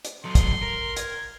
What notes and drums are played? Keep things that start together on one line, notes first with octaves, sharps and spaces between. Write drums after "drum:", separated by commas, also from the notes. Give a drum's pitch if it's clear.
drum: hi-hat
F#3 A4 C6
drum: kick, hi-hat
A#4
G#6, drum: hi-hat